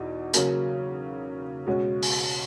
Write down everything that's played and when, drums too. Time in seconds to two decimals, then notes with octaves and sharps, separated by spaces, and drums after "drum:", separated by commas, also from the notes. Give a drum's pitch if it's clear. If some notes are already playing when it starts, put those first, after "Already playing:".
Already playing: E2 B2 D#4
0.33 C#3 F#3 A#3, drum: hi-hat
1.67 B2 G#3 C#4 F#4
2.02 drum: open hi-hat